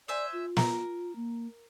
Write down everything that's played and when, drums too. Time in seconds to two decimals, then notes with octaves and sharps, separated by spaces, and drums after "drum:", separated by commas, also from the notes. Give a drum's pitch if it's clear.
0.08 C5 D5 E5 G#5
0.33 F4
0.57 A#4, drum: snare
1.16 A#3